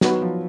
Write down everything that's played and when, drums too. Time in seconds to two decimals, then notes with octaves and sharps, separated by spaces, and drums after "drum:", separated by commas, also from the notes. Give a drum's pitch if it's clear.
0.01 F#3 B3 D#4 F#4 B4, drum: snare
0.22 F3